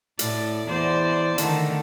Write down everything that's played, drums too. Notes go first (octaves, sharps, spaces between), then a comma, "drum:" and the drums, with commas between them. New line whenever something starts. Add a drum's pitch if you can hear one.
A2 D5, drum: hi-hat
E2 C5 D5
D3 D#3 A3, drum: hi-hat